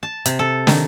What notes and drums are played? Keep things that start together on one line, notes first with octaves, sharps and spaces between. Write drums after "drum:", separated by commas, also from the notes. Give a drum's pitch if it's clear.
A5
C3, drum: hi-hat
A4
D#3, drum: snare